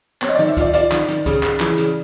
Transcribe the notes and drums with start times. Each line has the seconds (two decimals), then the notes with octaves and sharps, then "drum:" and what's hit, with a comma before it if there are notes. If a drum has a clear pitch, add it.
0.22 C4 C#5, drum: clap
0.29 D#5
0.35 D#3 D5
0.48 E5
0.57 F4 D5, drum: kick, hi-hat
0.73 F4 D5, drum: hi-hat
0.92 D#3, drum: clap
1.08 D#3, drum: hi-hat
1.26 C#3, drum: kick, hi-hat
1.43 C#3, drum: clap
1.60 E3, drum: clap
1.78 C#3, drum: hi-hat